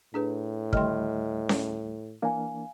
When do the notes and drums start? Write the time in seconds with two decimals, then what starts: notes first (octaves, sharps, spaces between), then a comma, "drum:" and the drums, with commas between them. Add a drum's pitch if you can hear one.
0.14 A2 D4 G#4 B4
0.73 D2 D#3 G3 A3 D#5 G5 C6 F6, drum: kick
1.49 drum: snare C#4
2.22 E3 A#3 D4 F5 G#5